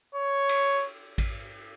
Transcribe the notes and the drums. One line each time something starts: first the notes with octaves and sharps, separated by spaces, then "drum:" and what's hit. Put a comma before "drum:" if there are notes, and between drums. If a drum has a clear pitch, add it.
C#5
drum: cymbal
drum: kick A1, cymbal